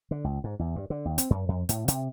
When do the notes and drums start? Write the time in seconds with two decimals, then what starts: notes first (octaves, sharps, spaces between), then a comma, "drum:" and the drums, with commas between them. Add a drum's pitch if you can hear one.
0.11 D3
0.24 C#2
0.44 G#2
0.59 E2
0.76 G2
0.90 D3
1.05 D#2
1.18 C4, drum: hi-hat
1.30 F#2
1.49 F2
1.69 A2, drum: hi-hat
1.88 C3, drum: hi-hat